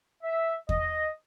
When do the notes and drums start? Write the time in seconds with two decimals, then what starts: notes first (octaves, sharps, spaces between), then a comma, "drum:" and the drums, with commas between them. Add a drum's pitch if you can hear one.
0.23 E5
0.69 D#5, drum: kick E2